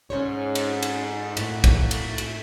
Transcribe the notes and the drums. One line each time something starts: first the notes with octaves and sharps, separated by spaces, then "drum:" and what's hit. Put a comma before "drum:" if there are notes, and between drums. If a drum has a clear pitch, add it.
G#2 C#4 C5 C#5
drum: cymbal
drum: cymbal
A2 A#3 F#4, drum: cymbal
drum: kick, cymbal
drum: cymbal
drum: cymbal